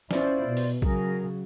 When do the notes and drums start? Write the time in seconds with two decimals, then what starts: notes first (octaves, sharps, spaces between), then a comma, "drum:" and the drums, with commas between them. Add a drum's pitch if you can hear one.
0.11 C#4 E4 F4 C5 D5, drum: snare
0.47 B2
0.57 drum: open hi-hat
0.82 C#3 F#3 G#4 A#4, drum: kick B1